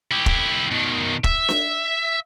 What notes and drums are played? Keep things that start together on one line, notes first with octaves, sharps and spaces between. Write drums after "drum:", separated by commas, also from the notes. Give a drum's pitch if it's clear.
E4 G4
drum: kick
B2 D#3
E5, drum: kick
drum: snare D4